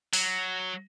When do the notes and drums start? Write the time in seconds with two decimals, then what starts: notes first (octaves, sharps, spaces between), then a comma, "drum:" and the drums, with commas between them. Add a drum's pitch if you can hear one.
0.13 F#3, drum: open hi-hat